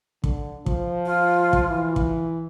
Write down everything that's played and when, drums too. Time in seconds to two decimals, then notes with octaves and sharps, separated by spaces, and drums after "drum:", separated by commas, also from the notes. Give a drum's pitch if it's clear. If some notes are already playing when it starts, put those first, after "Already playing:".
0.24 D3, drum: kick
0.66 F3, drum: kick
1.05 F4
1.53 drum: kick
1.68 E3
1.96 drum: kick